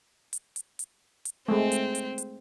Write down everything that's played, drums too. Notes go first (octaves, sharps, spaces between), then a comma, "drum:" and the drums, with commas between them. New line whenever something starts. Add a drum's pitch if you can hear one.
drum: hi-hat
drum: hi-hat
drum: hi-hat
drum: hi-hat
G#3 A3 C4
drum: hi-hat
drum: hi-hat
drum: hi-hat